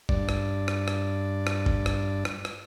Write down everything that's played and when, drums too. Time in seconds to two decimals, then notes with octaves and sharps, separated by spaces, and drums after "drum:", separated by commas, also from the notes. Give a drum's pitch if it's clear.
0.09 G2 D5, drum: kick G1
0.29 drum: rim click
0.68 drum: rim click
0.88 drum: rim click
1.47 drum: rim click
1.66 drum: kick G1
1.86 drum: rim click
2.25 drum: rim click
2.45 drum: rim click